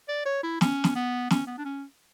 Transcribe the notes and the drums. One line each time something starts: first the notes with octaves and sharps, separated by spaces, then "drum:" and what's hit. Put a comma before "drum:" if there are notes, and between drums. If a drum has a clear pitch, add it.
D5
C#5
E4
C#4, drum: snare
drum: snare
B3
C#4, drum: snare
B3
D4
C#4